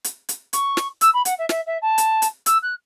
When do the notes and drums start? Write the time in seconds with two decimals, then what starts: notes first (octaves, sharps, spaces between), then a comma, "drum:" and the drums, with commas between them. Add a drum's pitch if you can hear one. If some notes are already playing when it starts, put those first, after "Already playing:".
0.04 drum: hi-hat
0.29 drum: hi-hat
0.53 C#6, drum: hi-hat
0.77 drum: snare
1.01 E6, drum: hi-hat
1.13 B5
1.25 F#5, drum: hi-hat
1.38 E5
1.49 E5, drum: snare
1.66 E5
1.82 A5
1.98 drum: hi-hat
2.22 drum: hi-hat
2.46 E6, drum: hi-hat
2.62 F#6